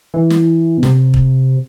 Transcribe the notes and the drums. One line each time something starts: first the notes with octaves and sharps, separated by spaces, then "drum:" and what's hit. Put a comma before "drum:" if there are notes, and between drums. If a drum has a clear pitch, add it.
E3
drum: snare
B2
C3, drum: snare
drum: kick